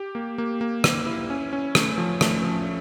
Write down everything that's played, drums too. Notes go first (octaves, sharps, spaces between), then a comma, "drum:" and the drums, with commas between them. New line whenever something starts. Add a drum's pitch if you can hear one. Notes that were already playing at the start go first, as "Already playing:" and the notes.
Already playing: G4
A#3
A#3
A#3
A#3, drum: rim click
E4
C#4
C#4
A3, drum: rim click
F3
A3, drum: rim click
F3